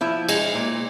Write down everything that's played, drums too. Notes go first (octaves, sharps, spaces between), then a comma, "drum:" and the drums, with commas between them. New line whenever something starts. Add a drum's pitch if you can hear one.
F3 E4
G#3, drum: cymbal
A#2